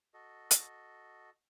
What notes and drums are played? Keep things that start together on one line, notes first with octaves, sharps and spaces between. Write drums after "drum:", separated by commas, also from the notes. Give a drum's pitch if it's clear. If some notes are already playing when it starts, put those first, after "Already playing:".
F#4 A4 D#5
drum: hi-hat